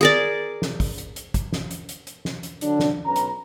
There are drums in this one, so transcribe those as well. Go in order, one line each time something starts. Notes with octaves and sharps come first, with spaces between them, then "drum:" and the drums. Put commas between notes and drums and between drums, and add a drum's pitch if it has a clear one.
G#4 A#4 D5
drum: snare
drum: kick, open hi-hat
drum: hi-hat
drum: hi-hat
drum: kick, hi-hat
drum: snare
drum: hi-hat
drum: hi-hat
drum: hi-hat
drum: snare
drum: hi-hat
D3 F#3 D4, drum: hi-hat
drum: snare
B1 C#4 B4 A#5
drum: hi-hat